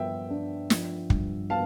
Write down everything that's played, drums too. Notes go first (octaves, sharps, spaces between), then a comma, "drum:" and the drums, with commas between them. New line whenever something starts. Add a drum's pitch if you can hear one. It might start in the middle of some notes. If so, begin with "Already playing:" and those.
Already playing: G2 F3 B3 E5 G5
D4
F3, drum: snare
G2, drum: kick
B3 F5 A5